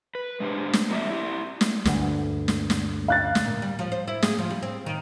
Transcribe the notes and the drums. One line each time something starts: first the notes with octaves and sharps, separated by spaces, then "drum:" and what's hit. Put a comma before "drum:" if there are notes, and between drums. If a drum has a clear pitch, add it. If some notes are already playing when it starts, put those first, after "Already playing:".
B4
G#3 D4 G4 C5
drum: snare
F#3 A#3 C4 C#5 D5 E5
E4 G4
drum: snare
D2 G2 D3, drum: snare
drum: snare
drum: snare
F5 F#6 A6
drum: snare
A#2
G3
F3
C5
E4
G#4, drum: snare
F3
G3
C4
D#3